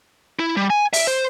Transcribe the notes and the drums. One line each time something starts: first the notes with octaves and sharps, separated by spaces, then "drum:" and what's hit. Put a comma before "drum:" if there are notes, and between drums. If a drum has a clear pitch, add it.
E4
G3
G#5
E5, drum: open hi-hat
C5